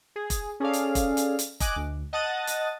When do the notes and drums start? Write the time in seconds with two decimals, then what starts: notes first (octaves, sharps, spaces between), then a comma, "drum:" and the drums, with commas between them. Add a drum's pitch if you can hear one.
0.16 G#4
0.30 drum: kick F1, hi-hat
0.60 C#4 G#4 A4 D5 F5
0.73 drum: hi-hat
0.95 drum: kick F1, hi-hat
1.17 drum: hi-hat
1.39 drum: hi-hat
1.60 D#5 G#5 D6 F#6, drum: kick F1, hi-hat
1.76 D2
2.13 D#5 F#5 A5 D#6 F#6 A6
2.47 drum: hi-hat